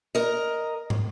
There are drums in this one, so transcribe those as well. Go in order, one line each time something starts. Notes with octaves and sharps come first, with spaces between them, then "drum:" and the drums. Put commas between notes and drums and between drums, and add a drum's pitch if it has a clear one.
A#4 D#5
drum: tom